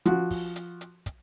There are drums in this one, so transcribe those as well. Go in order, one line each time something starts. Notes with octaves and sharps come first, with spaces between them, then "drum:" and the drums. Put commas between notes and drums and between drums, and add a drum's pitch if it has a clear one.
F3 F#4, drum: hi-hat
drum: kick, open hi-hat
drum: hi-hat
drum: hi-hat
drum: kick, hi-hat